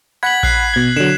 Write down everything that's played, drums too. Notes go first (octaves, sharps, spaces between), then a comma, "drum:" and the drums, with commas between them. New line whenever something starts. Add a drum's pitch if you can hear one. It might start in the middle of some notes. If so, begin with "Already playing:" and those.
F#5 B5 G#6 B6 F#7
F#6 C7, drum: kick A#1
B2 G#6
D3 F#3 E7